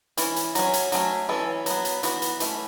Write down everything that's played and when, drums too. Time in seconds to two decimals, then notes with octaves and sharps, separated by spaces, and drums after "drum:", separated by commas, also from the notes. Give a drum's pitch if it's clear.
0.17 E3 C#4, drum: hi-hat
0.36 drum: hi-hat
0.55 F#3 C#4, drum: hi-hat
0.73 drum: hi-hat
0.92 F#3 A3 C#4, drum: hi-hat
1.29 E3 C#4 A4
1.66 F#3 B3, drum: hi-hat
1.85 drum: hi-hat
2.03 E3 B3 F#4, drum: hi-hat
2.22 drum: hi-hat
2.40 E3 A3 C#4, drum: hi-hat